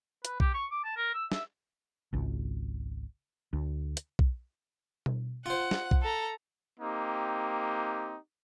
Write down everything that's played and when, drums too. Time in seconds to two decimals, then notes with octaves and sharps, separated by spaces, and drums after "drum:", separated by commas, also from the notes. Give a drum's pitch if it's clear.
0.25 B4, drum: hi-hat
0.40 G4, drum: kick
0.54 C#6
0.71 D6
0.85 A5
0.97 A#4
1.14 E6
1.32 E5, drum: snare
2.13 G#1 C#2
3.53 D2
3.97 drum: hi-hat
4.19 drum: kick
5.06 drum: tom B2
5.46 F4 C5 F#5
5.71 drum: snare
5.91 drum: kick
6.03 A4 A#5
6.80 A#3 C4 D#4 G4